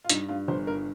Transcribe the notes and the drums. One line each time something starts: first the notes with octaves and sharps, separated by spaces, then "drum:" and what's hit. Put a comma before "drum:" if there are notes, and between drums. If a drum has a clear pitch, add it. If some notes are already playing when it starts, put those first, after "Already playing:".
F4
G2 D#4, drum: hi-hat
G2 F4
G1 C5
G2 A#4